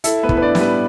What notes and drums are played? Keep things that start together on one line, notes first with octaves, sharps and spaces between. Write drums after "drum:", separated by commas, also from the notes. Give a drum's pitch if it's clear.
E4 A4, drum: hi-hat
B3 B4
A2, drum: kick
B4
D4 D5
G3, drum: snare
B3 B4